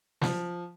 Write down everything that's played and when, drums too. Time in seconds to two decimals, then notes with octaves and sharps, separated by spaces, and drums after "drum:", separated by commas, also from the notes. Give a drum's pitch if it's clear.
0.21 F3, drum: snare